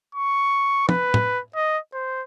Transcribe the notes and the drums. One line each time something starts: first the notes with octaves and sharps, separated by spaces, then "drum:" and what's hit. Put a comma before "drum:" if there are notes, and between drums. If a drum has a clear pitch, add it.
C#6
B4, drum: tom
drum: tom
D#5
C5